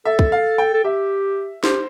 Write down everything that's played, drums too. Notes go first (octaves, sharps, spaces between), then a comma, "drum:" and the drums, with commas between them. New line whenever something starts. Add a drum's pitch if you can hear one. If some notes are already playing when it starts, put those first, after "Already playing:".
A4 E5
drum: kick
F5
G5
A4
G4 E5
G4 C5, drum: snare